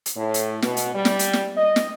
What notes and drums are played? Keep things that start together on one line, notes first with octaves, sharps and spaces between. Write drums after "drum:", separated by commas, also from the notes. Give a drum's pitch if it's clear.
drum: hi-hat
A2
drum: hi-hat
B2, drum: snare
drum: hi-hat
G3
drum: snare
drum: hi-hat
drum: snare
D#5
drum: snare